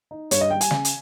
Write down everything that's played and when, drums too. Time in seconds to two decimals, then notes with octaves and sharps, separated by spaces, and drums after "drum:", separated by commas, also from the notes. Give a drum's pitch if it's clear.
0.11 D#4
0.31 G2 C#5, drum: hi-hat
0.41 D#5
0.50 G3 G5
0.61 G#5, drum: hi-hat
0.71 C#3, drum: snare
0.85 drum: hi-hat